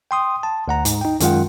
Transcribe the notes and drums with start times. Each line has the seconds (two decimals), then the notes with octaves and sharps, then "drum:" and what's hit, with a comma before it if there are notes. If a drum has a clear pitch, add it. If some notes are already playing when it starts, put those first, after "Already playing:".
0.11 G5 C6 D#6
0.43 A5
0.68 D2 F#5 A#5
0.85 G#2, drum: hi-hat
1.01 D#4 G5
1.20 F#2 D#3 G#3 F4 F#5 G5, drum: hi-hat